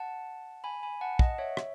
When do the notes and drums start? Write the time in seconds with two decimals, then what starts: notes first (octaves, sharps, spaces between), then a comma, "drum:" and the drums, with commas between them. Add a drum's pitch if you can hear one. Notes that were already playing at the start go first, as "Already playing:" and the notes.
Already playing: F#5 A5
0.64 G#5 B5
0.83 G#5 B5
1.01 F#5 A5
1.19 D#5 F#5, drum: kick
1.38 C#5 E5
1.57 drum: rim click